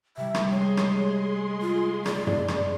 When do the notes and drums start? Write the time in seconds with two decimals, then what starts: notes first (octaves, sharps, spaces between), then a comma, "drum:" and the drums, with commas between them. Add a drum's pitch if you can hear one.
0.17 C3 G3 E5
0.35 drum: rim click
0.51 G#3 G#4 C#5 C6
0.77 drum: rim click
1.62 F4
2.06 D5, drum: rim click
2.27 drum: tom F#2
2.48 drum: rim click